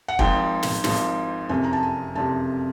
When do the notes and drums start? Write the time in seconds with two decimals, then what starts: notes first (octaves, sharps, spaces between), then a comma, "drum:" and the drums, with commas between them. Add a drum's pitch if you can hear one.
0.08 F#5
0.19 G#1 G#2 F3 G5, drum: kick
0.63 drum: snare
0.84 G#1 G#2 F3, drum: snare
1.49 F#1 F2 C3 G#5
1.64 A#5
1.73 A5
1.83 G#5
2.15 F#1 F2 C3 A5